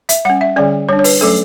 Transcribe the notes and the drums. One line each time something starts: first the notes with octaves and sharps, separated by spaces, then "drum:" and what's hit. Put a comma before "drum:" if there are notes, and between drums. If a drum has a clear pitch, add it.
E5, drum: hi-hat
G3 C#4 F#5
E5
D3 G3 C#4 D5
G3 D4 C#5
C#5
B4, drum: open hi-hat
F#3 A3 C#4 A4